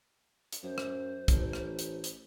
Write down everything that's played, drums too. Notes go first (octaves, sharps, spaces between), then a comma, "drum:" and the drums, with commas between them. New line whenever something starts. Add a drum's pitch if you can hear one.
drum: hi-hat
F#2 C5
drum: rim click
A1, drum: kick, hi-hat
drum: rim click
drum: hi-hat
drum: hi-hat